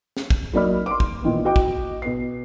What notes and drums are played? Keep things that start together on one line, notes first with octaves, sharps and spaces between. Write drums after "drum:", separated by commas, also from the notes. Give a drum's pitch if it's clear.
drum: snare
drum: kick
F#3 A#3 D#4 D5 B5 F6
C6 D6
drum: kick
A#2 D#3 E3 B3
F#4 D#5 G5 D6
drum: kick
B2 B3 C7